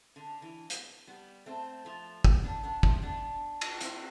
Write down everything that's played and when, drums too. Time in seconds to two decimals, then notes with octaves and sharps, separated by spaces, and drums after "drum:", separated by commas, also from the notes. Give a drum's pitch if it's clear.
0.16 D3
0.42 E3
0.70 drum: hi-hat
1.07 G3 B3
1.46 A3 C4
1.85 F3 A3
2.25 G3 B3, drum: kick
2.44 B3 D4
2.63 B3 D4
2.83 A3 C4, drum: kick
3.02 B3 D4
3.61 drum: cymbal
3.81 C4 E4, drum: hi-hat